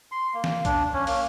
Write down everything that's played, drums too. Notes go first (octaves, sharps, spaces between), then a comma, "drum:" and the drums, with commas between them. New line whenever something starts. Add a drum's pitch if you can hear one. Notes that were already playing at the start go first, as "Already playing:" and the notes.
C6
A#3
drum: snare
D4, drum: kick, hi-hat
C#4
A#3, drum: open hi-hat